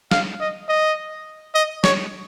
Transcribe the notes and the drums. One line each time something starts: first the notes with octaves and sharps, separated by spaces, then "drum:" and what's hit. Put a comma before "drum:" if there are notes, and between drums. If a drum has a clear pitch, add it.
F5, drum: snare
D#5
D#5
D#5
C#5, drum: snare